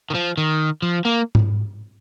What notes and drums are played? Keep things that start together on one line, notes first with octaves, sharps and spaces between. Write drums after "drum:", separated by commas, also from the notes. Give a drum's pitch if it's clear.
D#3
F3
D#3
F3
A#3
drum: tom G#2